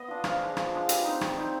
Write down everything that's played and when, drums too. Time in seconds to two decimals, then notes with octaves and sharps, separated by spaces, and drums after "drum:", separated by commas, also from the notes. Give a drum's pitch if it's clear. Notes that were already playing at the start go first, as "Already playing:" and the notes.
Already playing: B3 D#5
0.08 D4 F4
0.24 F3 F5, drum: rim click
0.40 G#3 D4
0.57 F3, drum: rim click
0.73 G#3 D4
0.89 G3, drum: hi-hat
1.05 C4 D#4
1.21 G3, drum: rim click
1.37 C4 D#4